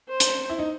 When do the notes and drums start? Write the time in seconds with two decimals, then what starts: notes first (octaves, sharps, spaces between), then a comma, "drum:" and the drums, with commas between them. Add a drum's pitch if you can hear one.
0.08 C5
0.20 drum: hi-hat
0.49 E4
0.59 D#4